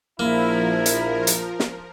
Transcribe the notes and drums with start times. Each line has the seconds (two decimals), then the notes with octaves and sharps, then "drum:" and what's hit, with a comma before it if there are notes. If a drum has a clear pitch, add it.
0.19 A#1 F3 A#3 E4 A#4
0.86 drum: hi-hat
1.27 drum: hi-hat
1.60 drum: snare